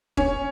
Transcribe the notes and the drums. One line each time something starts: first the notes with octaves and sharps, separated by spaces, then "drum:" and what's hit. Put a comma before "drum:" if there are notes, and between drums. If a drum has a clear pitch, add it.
C#4, drum: kick